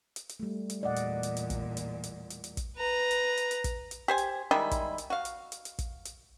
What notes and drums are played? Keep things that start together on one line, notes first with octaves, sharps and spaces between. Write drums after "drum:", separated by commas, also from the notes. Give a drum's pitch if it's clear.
drum: hi-hat
drum: hi-hat
G3 A3
drum: hi-hat
E2 A#2 D5 D#5 F#5
drum: hi-hat
drum: hi-hat
drum: hi-hat
drum: kick, hi-hat
drum: hi-hat
drum: hi-hat
drum: hi-hat
drum: hi-hat
drum: kick, hi-hat
B4 A#5
drum: hi-hat
drum: hi-hat
drum: hi-hat
drum: kick, hi-hat
drum: hi-hat
G4 C5 G#5
drum: hi-hat
D#3 G3 G#3 E4
drum: kick, hi-hat
drum: hi-hat
F#4 F5
drum: hi-hat
drum: hi-hat
drum: hi-hat
drum: kick, hi-hat
drum: hi-hat